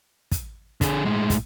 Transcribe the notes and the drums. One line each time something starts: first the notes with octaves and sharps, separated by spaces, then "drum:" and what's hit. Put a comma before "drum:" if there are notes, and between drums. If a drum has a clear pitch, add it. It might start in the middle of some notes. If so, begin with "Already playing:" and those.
drum: kick, hi-hat
D3 G#4, drum: kick, hi-hat
A2 G#3
drum: kick, hi-hat